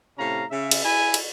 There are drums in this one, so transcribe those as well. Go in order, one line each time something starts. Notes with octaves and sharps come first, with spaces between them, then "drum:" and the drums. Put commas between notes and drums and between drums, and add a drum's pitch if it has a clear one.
A2 C3 C#4 F5 A#5
C#3 E5
drum: cymbal
E4 G#4 G#5
drum: cymbal